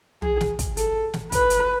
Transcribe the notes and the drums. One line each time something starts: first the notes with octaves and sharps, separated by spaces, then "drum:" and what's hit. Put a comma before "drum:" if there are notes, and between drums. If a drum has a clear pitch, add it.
G#4, drum: tom
drum: snare
drum: kick, hi-hat
A4, drum: hi-hat
drum: snare
B4, drum: kick, hi-hat
drum: hi-hat